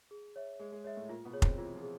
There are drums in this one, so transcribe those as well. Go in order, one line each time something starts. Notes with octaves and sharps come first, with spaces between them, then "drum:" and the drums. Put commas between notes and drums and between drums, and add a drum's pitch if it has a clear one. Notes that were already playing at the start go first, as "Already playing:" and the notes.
G#4
C#5 E5
G#3 G#4
G#3
G#3 C#5 E5
A2 A3
A#2 A#3 F4
B2 B3
G#4 C#5
C3 C4, drum: kick F1
E3 E4 F4
F3 F4
G#4